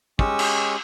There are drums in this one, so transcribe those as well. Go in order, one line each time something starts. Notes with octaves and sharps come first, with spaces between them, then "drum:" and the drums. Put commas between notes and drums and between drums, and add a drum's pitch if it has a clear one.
G#3 C#4 G4 C#6 D#6 E6, drum: kick
drum: cymbal